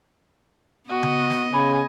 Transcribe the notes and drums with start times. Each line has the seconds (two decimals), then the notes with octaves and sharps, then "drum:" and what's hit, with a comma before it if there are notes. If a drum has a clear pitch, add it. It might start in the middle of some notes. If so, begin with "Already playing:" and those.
0.90 B3 F#4 D#5
1.03 drum: tom C#3
1.30 drum: snare
1.53 C#3 G#4 G#5 B5